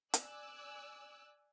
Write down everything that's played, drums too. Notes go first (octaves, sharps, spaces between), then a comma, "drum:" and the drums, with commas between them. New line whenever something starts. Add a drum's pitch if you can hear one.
D5 G#5 D6 E6 F#6, drum: hi-hat